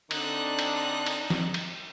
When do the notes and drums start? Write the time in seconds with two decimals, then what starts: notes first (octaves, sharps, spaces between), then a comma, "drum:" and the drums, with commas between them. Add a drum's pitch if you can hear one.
0.11 D3 C4 D4 D#4 D#6 F#6, drum: cymbal
0.59 drum: cymbal
1.06 drum: cymbal
1.30 drum: snare
1.54 drum: cymbal